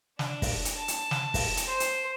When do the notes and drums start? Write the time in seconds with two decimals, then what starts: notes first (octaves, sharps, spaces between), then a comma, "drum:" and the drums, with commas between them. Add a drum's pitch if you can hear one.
0.19 D4, drum: snare
0.42 drum: kick, open hi-hat
0.65 drum: hi-hat
0.78 A5
0.88 drum: hi-hat
1.11 drum: snare
1.34 drum: kick, open hi-hat
1.57 drum: hi-hat
1.68 C5
1.80 drum: hi-hat